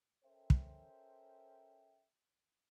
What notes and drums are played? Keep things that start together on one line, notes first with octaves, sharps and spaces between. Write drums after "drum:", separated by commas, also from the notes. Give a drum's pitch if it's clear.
C#4 A4 A#4 C5 E5 G5
drum: kick